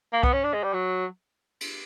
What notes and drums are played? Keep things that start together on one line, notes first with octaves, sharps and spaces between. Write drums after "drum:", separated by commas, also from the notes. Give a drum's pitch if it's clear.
A#3
B3, drum: kick C2
C#4
D4
G#3
G3
F#3
drum: cymbal